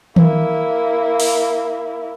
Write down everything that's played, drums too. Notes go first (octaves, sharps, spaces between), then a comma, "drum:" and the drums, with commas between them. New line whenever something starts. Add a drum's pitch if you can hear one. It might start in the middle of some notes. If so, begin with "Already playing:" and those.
A#3 E4, drum: tom D#3
drum: open hi-hat